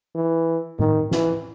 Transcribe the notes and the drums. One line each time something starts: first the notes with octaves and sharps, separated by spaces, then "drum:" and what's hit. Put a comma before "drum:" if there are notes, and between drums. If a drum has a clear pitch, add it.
E3
D#3, drum: tom A2
E3, drum: snare